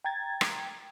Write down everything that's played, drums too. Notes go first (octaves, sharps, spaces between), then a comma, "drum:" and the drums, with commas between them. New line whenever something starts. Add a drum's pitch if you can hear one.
G5 A#5 G#6 A6
drum: rim click